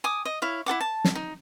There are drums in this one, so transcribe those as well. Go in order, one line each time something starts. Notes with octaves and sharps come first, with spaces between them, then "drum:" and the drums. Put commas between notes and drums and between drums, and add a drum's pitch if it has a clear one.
G#5 D6 D#6
D#5
E4 C#5 F5
E4 A4 F#5 D6
A5
drum: snare
D#4